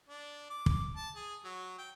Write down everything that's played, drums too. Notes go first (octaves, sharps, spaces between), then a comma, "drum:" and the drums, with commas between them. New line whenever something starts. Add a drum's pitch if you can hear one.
D4
D6
drum: kick
A5
G#4
F#3
G5